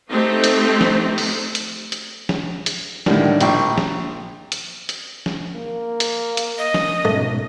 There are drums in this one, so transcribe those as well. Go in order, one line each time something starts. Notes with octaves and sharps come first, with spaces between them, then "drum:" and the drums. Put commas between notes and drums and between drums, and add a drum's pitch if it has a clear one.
A3 C4 D#4 G4
drum: hi-hat
drum: snare
drum: open hi-hat
drum: hi-hat
drum: hi-hat
drum: snare
drum: hi-hat
A2 D3 D#3 G3, drum: snare
A#1 G5 C#6, drum: hi-hat
drum: snare
drum: hi-hat
drum: hi-hat
drum: snare
A#3
drum: hi-hat
drum: hi-hat
D#5
drum: snare
G#2 B2 A3 C#4